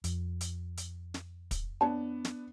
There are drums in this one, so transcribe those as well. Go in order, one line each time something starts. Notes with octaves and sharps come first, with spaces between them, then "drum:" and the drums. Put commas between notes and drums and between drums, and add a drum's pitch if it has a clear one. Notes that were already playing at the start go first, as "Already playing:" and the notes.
F2, drum: hi-hat
drum: hi-hat
drum: hi-hat
drum: snare
drum: kick, hi-hat
B3 D4 C#5 A5
drum: snare